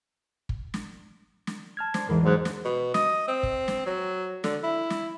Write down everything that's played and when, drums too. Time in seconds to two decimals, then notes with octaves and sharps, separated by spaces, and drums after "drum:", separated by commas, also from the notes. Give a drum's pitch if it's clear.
0.49 drum: kick
0.74 drum: snare
1.47 drum: snare
1.77 A5 F6 G#6
1.94 C5 D5 D6, drum: snare
2.09 E2 G#2 E3 A#4
2.23 G#2 F#3 F#6
2.45 drum: snare
2.65 B2
2.94 D#5, drum: snare
3.28 C4
3.43 drum: kick
3.68 drum: snare
3.86 F#3
4.44 D3, drum: snare
4.63 E4
4.90 drum: snare